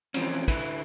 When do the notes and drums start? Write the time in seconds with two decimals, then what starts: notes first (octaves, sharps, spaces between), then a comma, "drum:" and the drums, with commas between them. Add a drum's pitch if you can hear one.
0.14 E3 F3 C4 C#4, drum: cymbal
0.48 D3 E4 B4, drum: kick, cymbal